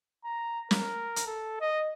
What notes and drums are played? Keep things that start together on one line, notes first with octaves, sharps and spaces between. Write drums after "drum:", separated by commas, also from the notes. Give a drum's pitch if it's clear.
A#5
A#4, drum: snare
drum: hi-hat
A4
D#5